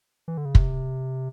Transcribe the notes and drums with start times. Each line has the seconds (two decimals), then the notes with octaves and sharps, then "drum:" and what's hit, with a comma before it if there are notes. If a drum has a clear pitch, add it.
0.28 E3
0.38 D3
0.45 C#3
0.55 C3, drum: kick